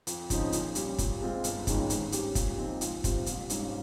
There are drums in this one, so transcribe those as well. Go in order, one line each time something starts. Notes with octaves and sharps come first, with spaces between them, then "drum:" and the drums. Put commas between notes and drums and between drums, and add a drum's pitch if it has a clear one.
F2, drum: hi-hat
C#3 F3 C4 D#4, drum: kick, hi-hat
A#2, drum: hi-hat
G3 C#4, drum: hi-hat
A#2, drum: kick, hi-hat
G#3 C4 F4
G1, drum: hi-hat
F2 D#3 G#3 C#4, drum: kick, hi-hat
G#2, drum: hi-hat
G3 C#4 G4, drum: hi-hat
A#2, drum: kick, hi-hat
F3 C4 D#4
C#2, drum: hi-hat
C3 G3 C4 F4, drum: kick, hi-hat
A#1, drum: hi-hat
G#2 G3 C#4 F4, drum: hi-hat